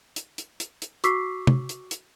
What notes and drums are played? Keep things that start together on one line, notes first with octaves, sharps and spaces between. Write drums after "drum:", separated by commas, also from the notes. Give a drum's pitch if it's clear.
drum: hi-hat
drum: hi-hat
drum: hi-hat
drum: hi-hat
F#4 C#6 D6 E6 B6 C7, drum: hi-hat
drum: tom
drum: hi-hat
drum: hi-hat